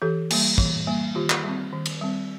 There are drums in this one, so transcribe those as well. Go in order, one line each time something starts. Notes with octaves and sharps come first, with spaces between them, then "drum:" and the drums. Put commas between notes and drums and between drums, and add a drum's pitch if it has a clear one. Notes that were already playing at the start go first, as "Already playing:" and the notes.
E3 G4 A4
G3 A#3, drum: cymbal
E3, drum: kick
G3 A#3
D#3 F4 G4
drum: clap
G3 C4
D#3
drum: cymbal
G3 C4